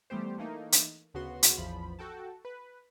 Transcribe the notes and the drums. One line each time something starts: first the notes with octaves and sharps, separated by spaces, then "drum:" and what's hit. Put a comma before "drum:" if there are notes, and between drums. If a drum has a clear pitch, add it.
E3 G3 A3 B3 G4 C5
E3 A3 A#3 D#4
drum: hi-hat
D2 C#3 B3 C#4 F#4 C6
drum: hi-hat
A1 E2 F3 B5
F#4 A4 G5 A5
B4